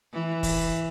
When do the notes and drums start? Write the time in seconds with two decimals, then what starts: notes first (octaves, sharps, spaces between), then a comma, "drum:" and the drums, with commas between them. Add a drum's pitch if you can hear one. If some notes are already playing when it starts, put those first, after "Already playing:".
0.13 E3
0.43 drum: kick, open hi-hat